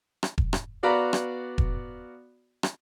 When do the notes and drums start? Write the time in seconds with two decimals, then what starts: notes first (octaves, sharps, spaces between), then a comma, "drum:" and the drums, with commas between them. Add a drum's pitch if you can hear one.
0.23 drum: rim click
0.38 drum: kick E1
0.53 drum: rim click
0.83 B3 F#4 D5 F5 A#5 B5
1.13 drum: rim click
1.58 drum: kick E1
2.63 drum: rim click